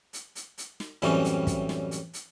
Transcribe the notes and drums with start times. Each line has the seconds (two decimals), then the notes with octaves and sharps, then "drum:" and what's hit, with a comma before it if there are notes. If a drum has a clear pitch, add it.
0.13 drum: hi-hat
0.35 drum: hi-hat
0.58 drum: hi-hat
0.80 drum: snare
1.02 F#2 A2 E3 G3 C4 C#4, drum: snare
1.24 drum: hi-hat
1.47 drum: kick, hi-hat
1.69 drum: snare
1.91 drum: hi-hat
2.14 drum: hi-hat